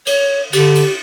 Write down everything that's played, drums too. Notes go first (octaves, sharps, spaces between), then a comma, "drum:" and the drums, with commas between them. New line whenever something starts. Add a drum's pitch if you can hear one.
C#5, drum: cymbal
D3 G4, drum: cymbal
drum: cymbal